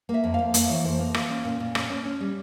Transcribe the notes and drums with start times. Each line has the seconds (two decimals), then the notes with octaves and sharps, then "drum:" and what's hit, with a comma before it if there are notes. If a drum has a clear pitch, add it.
0.09 A#3
0.14 E5
0.24 F2
0.34 F2 F5
0.54 A#3 F5, drum: hi-hat
0.69 E3 C#5
0.84 F2 C5
0.99 A#3
1.14 A#3 F4, drum: rim click
1.29 C#4
1.45 A#2
1.60 A#2
1.75 C#4, drum: rim click
1.90 C#4
2.05 C#4
2.21 G3